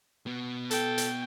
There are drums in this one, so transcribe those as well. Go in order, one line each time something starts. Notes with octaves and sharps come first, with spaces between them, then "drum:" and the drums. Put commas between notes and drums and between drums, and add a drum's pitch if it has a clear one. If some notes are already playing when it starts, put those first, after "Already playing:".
B2 B3
A4 G5, drum: hi-hat
drum: hi-hat